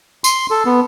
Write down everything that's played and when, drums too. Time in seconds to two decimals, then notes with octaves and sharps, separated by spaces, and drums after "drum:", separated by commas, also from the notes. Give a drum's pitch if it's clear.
0.24 C6, drum: tambourine
0.51 A4
0.66 B3